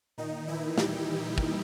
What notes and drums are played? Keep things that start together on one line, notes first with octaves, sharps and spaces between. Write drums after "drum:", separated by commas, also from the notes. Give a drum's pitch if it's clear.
A#2 D#3 D#4
E3 E4
G3 G4, drum: snare
drum: kick